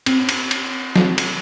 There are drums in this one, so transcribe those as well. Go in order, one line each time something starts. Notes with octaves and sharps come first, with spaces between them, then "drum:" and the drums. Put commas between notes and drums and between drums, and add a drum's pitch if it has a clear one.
C4, drum: cymbal
drum: cymbal
drum: cymbal
drum: snare
drum: cymbal